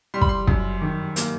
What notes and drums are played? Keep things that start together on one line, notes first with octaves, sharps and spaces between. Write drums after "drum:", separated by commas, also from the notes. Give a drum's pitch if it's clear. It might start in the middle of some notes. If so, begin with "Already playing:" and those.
G3 C6
B5, drum: kick
C6
F#2, drum: kick
D#3
A#3, drum: hi-hat